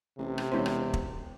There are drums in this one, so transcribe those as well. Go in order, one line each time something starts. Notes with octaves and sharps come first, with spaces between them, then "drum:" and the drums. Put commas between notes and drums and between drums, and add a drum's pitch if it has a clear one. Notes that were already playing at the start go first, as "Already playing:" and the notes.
A1 C3
drum: rim click
E1 C#4 E4 C5
drum: rim click
drum: kick